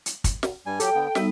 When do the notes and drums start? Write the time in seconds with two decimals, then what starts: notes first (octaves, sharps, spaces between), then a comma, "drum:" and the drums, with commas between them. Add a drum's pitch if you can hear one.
0.06 drum: hi-hat
0.24 drum: kick, hi-hat
0.43 drum: snare
0.66 G2 G3 G#5
0.80 F#3 G4 A4 G5, drum: hi-hat
0.95 D3 B3
1.15 G3 B3 D#4 E5, drum: snare